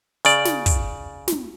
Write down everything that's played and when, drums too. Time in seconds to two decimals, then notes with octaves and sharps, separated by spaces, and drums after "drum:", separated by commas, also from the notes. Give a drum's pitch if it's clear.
0.25 C#3 D5, drum: hi-hat
0.45 drum: snare
0.66 drum: kick, hi-hat
1.28 drum: snare